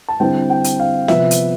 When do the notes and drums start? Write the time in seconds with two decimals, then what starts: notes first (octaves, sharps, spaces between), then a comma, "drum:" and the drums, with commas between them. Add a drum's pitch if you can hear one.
0.08 A5
0.20 D3 G3 C4 E4 G5
0.50 G5
0.64 drum: hi-hat
0.80 F5
1.08 C3 F3 B3 E5, drum: snare
1.31 drum: hi-hat